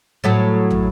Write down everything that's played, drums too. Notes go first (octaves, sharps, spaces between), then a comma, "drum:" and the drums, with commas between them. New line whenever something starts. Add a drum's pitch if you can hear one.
A2 F#3 A3
drum: tom